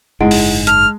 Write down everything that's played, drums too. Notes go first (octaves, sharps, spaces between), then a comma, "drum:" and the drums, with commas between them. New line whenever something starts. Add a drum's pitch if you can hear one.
F#1 G#2 G#3 E4 F#5 D7
drum: open hi-hat
A5 F6, drum: hi-hat